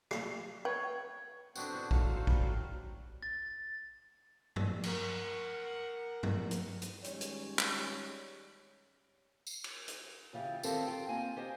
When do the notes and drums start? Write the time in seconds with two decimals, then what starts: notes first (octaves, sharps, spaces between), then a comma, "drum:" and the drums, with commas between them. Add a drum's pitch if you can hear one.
0.11 drum: rim click
0.65 B4 C#5 G5
1.55 D3 B3 C4 D4 F#4 G5, drum: tambourine
1.74 A2 D3 D4
1.91 F#3 A3 F5, drum: kick A#1
2.16 F#4 C5
2.27 G3, drum: kick A#1
2.42 F#3
3.23 A6
4.56 drum: tom G2
4.83 A#4 F#5, drum: cymbal
6.23 drum: tom G2
6.51 drum: hi-hat
6.82 drum: hi-hat
7.04 D#3 G3 G#3 C#4 C#5, drum: hi-hat
7.21 drum: hi-hat
7.59 drum: clap
9.47 drum: tambourine
9.64 drum: cymbal
9.88 drum: hi-hat
10.33 C#3 E3 F4 G4
10.63 D#3 C4 G4 A4 A#4 F5, drum: tambourine
10.87 F4 G5
11.09 A#3 C4 G#5
11.36 G4 C5 D#5 G#5